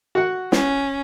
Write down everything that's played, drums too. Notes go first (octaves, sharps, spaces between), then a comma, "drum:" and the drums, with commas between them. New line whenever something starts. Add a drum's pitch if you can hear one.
F#4 F#5
C#4, drum: snare